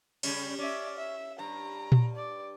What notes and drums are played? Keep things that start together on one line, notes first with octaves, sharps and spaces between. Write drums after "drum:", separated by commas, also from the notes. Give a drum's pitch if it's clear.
C#3 G3 C#4, drum: cymbal
C#4 D5 E5
E5
G2 A#5
drum: tom A#2
D5